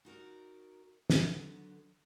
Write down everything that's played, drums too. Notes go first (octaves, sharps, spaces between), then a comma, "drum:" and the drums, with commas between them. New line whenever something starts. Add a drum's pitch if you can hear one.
D#4 F#4 A#4 D5
D3 D#3 F#3 B3, drum: snare